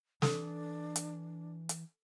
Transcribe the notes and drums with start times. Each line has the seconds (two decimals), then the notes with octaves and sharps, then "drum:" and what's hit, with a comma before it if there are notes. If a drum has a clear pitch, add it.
0.22 E3 D4 A4, drum: snare
0.96 drum: hi-hat
1.69 drum: hi-hat